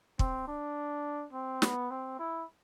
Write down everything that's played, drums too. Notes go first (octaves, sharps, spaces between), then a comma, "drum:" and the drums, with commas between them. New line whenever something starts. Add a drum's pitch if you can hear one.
C4, drum: kick
D4
C4
B3, drum: snare
C4
E4